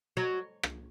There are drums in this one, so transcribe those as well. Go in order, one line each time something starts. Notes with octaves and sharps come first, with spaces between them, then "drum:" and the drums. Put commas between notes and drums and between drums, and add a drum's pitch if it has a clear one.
F#3
drum: rim click